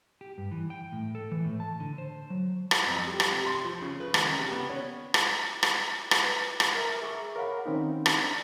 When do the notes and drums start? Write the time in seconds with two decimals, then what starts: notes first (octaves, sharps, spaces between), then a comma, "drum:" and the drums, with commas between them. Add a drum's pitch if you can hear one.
0.21 G4
0.38 G2
0.51 E3
0.70 G5
0.92 A2
1.15 A4
1.32 E3
1.45 A2
1.60 A5
1.80 D3
1.98 C5
2.30 F#3
2.71 drum: rim click
2.87 F2
3.07 G3
3.20 drum: rim click
3.31 C3
3.46 C6
3.64 F3
3.82 C#3
4.00 B4
4.14 D#3, drum: rim click
4.27 C#3
4.40 C3
4.52 B3
4.70 C#4
5.14 drum: rim click
5.63 drum: rim click
6.11 drum: rim click
6.25 B4
6.60 drum: rim click
6.75 A#4 E5 A#5
7.02 G#4 E5 C#6 D6
7.36 A#4 C#5 F5 F#5 B5
7.66 D#3 C4 C#4 D#4
8.06 drum: rim click
8.23 D4